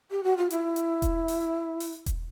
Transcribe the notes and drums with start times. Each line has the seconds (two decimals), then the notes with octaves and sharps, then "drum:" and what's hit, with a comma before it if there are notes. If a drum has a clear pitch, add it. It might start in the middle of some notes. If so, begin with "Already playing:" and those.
0.11 G4
0.24 F#4
0.37 F4
0.50 E4, drum: hi-hat
0.76 drum: hi-hat
1.02 drum: kick E1, hi-hat
1.28 drum: open hi-hat
1.80 drum: open hi-hat
2.06 drum: kick E1, hi-hat